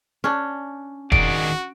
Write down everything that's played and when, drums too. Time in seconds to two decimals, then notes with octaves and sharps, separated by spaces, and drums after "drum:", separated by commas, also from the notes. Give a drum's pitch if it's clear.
0.24 C#4 D4
1.12 D#3 F#4 G#4 D5 D7, drum: kick E1